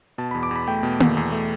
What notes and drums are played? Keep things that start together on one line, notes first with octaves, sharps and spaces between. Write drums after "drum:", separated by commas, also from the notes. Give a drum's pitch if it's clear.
B2 A5
E2 B5
D6
E2 B5
A3 G5
B2
E2, drum: tom A#3
E2
A3